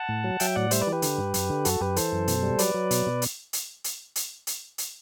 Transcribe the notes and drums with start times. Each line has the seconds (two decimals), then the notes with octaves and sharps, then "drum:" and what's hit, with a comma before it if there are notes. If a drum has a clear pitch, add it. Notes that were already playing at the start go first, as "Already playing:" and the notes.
Already playing: F#5 A5
0.09 A2
0.24 F#3
0.40 F#3 E5 G5, drum: hi-hat
0.55 A2 D5 F#5
0.71 G3 C5 E5, drum: hi-hat
0.81 B4 D5
0.87 E3
0.92 G4 B4
1.02 D3, drum: hi-hat
1.18 G2
1.34 F#2, drum: hi-hat
1.50 D3
1.65 F#2 F#4 A4, drum: hi-hat
1.81 F#2 G4 B4
1.96 E3 A4 C5, drum: hi-hat
2.12 F#2
2.28 B2, drum: hi-hat
2.43 G3
2.59 F#3 B4 D5, drum: hi-hat
2.74 F#3
2.91 B2, drum: hi-hat
3.06 B2
3.22 drum: hi-hat
3.53 drum: hi-hat
3.84 drum: hi-hat
4.16 drum: hi-hat
4.47 drum: hi-hat
4.78 drum: hi-hat